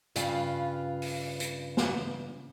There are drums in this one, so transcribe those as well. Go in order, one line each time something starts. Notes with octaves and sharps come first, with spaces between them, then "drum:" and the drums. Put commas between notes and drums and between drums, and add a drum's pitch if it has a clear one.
G2 C#3 F4 B4, drum: hi-hat
drum: open hi-hat
drum: hi-hat
drum: snare